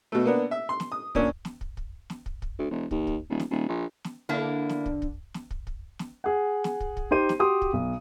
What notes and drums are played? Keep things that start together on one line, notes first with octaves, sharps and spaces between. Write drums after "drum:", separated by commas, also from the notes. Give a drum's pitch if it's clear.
B2 A3
A#3 B3 D4
E5
C6
drum: snare
D#6
A#2 A#3 C#4 D4, drum: kick
drum: snare
drum: kick
drum: kick
drum: snare
drum: kick
drum: kick
D2
E1
D#2, drum: kick
drum: kick
D#1
drum: snare
D#1
A#1
drum: snare
D3 A#3 D4 E4
drum: snare
drum: kick
drum: kick
drum: snare
drum: kick
drum: kick
drum: snare
G#4 F#5
drum: snare
drum: kick
drum: kick
D#4 G4 C5 D#7
drum: snare
F#4 G4 C6 D#6
drum: kick
B1